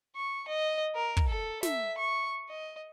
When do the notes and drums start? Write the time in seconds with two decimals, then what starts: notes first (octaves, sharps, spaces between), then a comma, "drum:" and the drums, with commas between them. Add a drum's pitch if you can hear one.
0.16 C#6
0.48 D#5
0.95 A#4
1.17 drum: kick
1.28 A4
1.63 E5, drum: snare
1.98 C#6
2.49 D#5